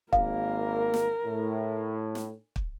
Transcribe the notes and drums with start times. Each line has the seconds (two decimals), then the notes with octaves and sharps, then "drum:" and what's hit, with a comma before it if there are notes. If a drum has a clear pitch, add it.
0.13 G#1 A#3 A#4 F5, drum: kick
0.94 drum: snare
1.26 A2
2.15 drum: snare
2.56 drum: kick